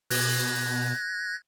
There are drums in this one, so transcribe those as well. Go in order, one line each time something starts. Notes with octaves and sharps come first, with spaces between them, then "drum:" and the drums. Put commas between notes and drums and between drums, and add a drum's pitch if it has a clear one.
B2 F#6 G#6 A#6, drum: open hi-hat